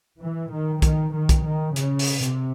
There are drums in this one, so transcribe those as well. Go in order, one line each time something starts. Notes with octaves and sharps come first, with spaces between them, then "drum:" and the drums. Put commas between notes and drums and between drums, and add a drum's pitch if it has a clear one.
E3
D#3
D#3, drum: kick B1, hi-hat
D#3
drum: kick B1, hi-hat
D#3
C#3, drum: hi-hat
drum: open hi-hat
C3, drum: hi-hat